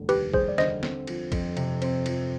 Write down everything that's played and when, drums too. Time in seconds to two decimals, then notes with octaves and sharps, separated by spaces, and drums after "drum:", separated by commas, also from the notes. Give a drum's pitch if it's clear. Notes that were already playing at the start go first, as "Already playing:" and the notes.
Already playing: F1 D3 G3
0.09 D#2 G4 B4, drum: cymbal
0.34 G3 G#4 C5, drum: kick
0.49 D5
0.58 D3 C5 D#5, drum: snare
0.83 C4, drum: snare
1.07 F3, drum: cymbal
1.32 F2, drum: kick, cymbal
1.57 C3, drum: cymbal
1.82 C4, drum: cymbal
2.06 F3, drum: cymbal